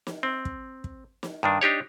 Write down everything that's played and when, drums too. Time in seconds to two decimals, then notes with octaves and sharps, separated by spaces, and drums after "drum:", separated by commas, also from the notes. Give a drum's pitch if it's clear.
0.07 drum: snare
0.23 C4
0.45 drum: kick
0.84 drum: kick
1.23 drum: snare
1.43 G2 D#3 D4
1.61 D4 D#4 G4 C#5